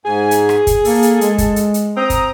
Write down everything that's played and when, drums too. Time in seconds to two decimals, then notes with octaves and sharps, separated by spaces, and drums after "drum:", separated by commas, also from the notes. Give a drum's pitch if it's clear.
0.05 G#2 G#4 G#5
0.31 drum: hi-hat
0.49 drum: rim click
0.67 drum: kick, hi-hat
0.85 A#3 A4, drum: open hi-hat
1.03 drum: hi-hat
1.21 G#3, drum: hi-hat
1.38 drum: kick, hi-hat
1.56 drum: hi-hat
1.74 drum: hi-hat
1.97 C4 A#5 D#6
2.10 drum: kick, hi-hat